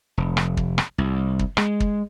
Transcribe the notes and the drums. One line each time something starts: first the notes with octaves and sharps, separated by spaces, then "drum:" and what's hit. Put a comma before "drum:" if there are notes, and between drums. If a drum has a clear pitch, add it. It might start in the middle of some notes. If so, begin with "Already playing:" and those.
F1
drum: rim click
drum: kick
drum: rim click
C2
drum: kick
G#3, drum: rim click
drum: kick